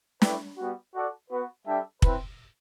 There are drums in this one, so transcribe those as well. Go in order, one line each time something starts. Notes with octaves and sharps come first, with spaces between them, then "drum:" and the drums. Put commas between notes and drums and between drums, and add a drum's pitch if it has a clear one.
A3 E4 B4 D5 G5, drum: snare
G3 B3 F#4
F#4 A4 D5 F#5
B3 F#4 B4
G3 D4 A4 E5 G5
C4 E4 B4, drum: kick